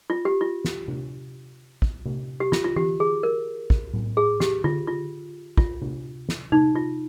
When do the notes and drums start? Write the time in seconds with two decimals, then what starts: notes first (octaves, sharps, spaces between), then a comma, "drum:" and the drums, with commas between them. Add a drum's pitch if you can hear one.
0.10 F4
0.25 G4
0.41 F4
0.65 drum: snare
0.88 drum: tom C3
1.82 drum: kick
2.06 drum: tom C3
2.40 G4
2.52 F4, drum: snare
2.64 F4
2.76 G4, drum: tom E3
3.00 G#4
3.23 A#4
3.70 drum: kick
3.94 drum: tom A2
4.17 G#4
4.40 G4, drum: snare
4.64 F4, drum: tom D3
4.87 F4
5.57 F4, drum: kick
5.82 drum: tom C3
6.29 drum: snare
6.52 D#4, drum: tom C3
6.75 F4